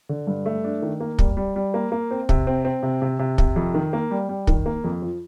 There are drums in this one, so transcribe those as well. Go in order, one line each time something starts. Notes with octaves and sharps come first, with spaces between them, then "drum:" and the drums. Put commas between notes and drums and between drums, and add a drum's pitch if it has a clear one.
D3
G2
A3
D4
D#3
A#3
G3, drum: kick
G3
G3
A#3
A#3
C4
C3, drum: kick
C4
C4
C3
C3
C3
C3, drum: kick
F2
D#3
A#3
G3
G3
D#3, drum: kick
A#3
F2
F3